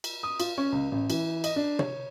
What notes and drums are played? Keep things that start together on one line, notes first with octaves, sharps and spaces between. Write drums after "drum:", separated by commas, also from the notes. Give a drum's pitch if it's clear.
drum: cymbal
D#6
F4, drum: cymbal
C#4
C#2
A1
E3, drum: cymbal
D#5, drum: cymbal
D4
C#5, drum: tom